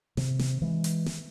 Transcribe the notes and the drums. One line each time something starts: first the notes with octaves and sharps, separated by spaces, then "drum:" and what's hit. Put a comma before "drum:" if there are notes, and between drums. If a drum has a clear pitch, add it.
C3, drum: snare
drum: snare
E3 G#3
drum: hi-hat
drum: snare